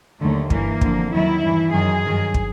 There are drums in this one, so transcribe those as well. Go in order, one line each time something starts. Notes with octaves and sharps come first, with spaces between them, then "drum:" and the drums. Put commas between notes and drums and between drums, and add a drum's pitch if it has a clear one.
D#2 D3 F#3 A3
G2 E3 A#3, drum: kick
F2 D3 F3, drum: kick
D#2 D#3 F#3 E4
G2 E3
F#2 D#3 F#3 G#4
G2 D#3 F#3
drum: kick